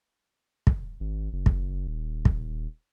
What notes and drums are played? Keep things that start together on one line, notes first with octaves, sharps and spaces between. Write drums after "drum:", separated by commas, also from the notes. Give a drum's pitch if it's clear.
drum: kick
G#1
F#1
drum: kick
D#1
drum: kick